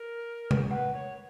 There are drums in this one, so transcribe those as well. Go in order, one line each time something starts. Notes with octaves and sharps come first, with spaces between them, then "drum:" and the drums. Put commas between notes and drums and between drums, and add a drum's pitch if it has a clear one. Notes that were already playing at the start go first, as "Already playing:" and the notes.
Already playing: A#4
drum: tom C3
B4 F#5
C#5